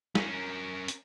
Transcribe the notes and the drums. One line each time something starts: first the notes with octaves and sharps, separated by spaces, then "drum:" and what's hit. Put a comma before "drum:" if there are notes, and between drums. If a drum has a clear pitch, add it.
C#4 A#4, drum: snare
drum: hi-hat